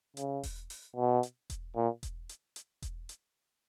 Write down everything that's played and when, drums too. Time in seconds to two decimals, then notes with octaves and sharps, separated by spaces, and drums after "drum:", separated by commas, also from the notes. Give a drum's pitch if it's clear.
0.17 C#3, drum: hi-hat
0.43 drum: kick E1, open hi-hat
0.70 drum: open hi-hat
0.96 B2
1.23 drum: hi-hat
1.50 drum: kick E1, hi-hat
1.76 A#2
2.03 drum: kick E1, hi-hat
2.29 drum: hi-hat
2.56 drum: hi-hat
2.82 drum: kick E1, hi-hat
3.09 drum: hi-hat